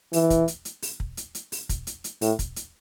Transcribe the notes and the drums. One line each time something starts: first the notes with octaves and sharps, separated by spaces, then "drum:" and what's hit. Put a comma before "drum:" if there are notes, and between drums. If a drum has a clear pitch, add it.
E3, drum: open hi-hat
drum: kick, hi-hat
drum: hi-hat
drum: hi-hat
drum: open hi-hat
drum: kick
drum: hi-hat
drum: hi-hat
drum: open hi-hat
drum: kick, hi-hat
drum: hi-hat
drum: hi-hat
A2, drum: open hi-hat
drum: kick, hi-hat
drum: hi-hat